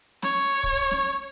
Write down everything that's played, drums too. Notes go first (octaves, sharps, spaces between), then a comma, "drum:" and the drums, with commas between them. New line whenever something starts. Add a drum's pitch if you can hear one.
C#5, drum: snare
drum: kick
drum: snare